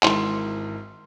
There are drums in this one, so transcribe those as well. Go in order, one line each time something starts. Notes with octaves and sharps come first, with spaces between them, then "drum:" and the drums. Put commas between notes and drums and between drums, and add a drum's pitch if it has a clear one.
G#1 G#2 E3 C6, drum: clap